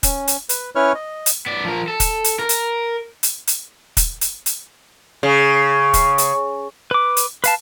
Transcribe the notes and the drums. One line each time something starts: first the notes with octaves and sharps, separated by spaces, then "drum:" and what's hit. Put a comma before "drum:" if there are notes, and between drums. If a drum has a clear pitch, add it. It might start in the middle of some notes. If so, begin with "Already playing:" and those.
C#4, drum: kick, hi-hat
drum: hi-hat
B4, drum: hi-hat
C#4 E4 B4 C#5 C#6 F6
D#5
drum: hi-hat
B3 D5
F3 A#4
A4
drum: kick, hi-hat
drum: hi-hat
A#4
drum: hi-hat
drum: hi-hat
drum: hi-hat
drum: kick, hi-hat
drum: hi-hat
drum: hi-hat
C#3
drum: kick, hi-hat
drum: hi-hat
B4 D6
drum: hi-hat
B4 F5 A5, drum: hi-hat